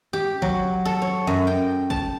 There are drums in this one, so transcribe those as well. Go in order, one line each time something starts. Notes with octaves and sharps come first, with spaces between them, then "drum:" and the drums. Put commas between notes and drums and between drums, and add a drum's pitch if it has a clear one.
G4
F#3, drum: kick
A4
C#5
F#2
G5
A5, drum: kick